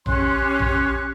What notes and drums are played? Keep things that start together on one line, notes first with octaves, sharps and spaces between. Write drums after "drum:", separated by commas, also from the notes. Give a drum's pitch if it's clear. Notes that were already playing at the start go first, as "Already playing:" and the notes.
C#4 G4 C6 F#6, drum: tom A#1
drum: tom A#1